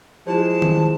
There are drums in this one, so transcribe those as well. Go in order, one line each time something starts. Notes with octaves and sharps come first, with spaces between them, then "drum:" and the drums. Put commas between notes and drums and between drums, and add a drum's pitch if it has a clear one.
F3 G#3 E4 G4 C5 A5
drum: tom D#3